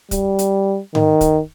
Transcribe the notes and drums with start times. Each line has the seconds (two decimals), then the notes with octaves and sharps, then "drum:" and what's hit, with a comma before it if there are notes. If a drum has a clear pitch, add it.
0.11 G3, drum: kick, hi-hat
0.39 drum: hi-hat
0.95 D#3, drum: tom G#2
1.21 drum: kick, hi-hat